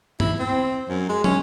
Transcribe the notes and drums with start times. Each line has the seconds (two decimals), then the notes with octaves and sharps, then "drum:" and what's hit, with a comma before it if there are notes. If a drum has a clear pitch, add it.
0.20 E4, drum: tom G2
0.39 C4
0.89 F#2
1.09 G#3
1.24 C#4, drum: tom